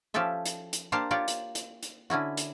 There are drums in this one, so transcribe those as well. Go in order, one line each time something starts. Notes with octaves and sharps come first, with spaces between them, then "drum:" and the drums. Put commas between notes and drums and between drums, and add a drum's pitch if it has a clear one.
F3 C#4 G4 A4 E5
drum: hi-hat
drum: hi-hat
A#3 D4 G4 C5 F5 A5
F4 G4 C#5 D5
drum: hi-hat
drum: hi-hat
drum: hi-hat
D3 C#4 E4 F#4
drum: hi-hat